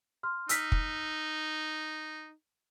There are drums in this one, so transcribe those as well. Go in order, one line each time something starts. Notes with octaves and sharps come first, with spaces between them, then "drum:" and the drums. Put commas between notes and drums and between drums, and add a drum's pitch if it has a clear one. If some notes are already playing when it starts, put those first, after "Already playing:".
C6 F6
D#4 E6 F6 B6, drum: hi-hat
drum: kick